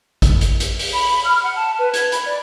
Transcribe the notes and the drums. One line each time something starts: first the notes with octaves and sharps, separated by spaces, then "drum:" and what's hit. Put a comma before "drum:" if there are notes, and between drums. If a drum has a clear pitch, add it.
drum: kick A1, hi-hat
drum: hi-hat
drum: hi-hat
drum: open hi-hat
B5
F6
F#5
A5
B4
G#6, drum: hi-hat
B5, drum: hi-hat
D5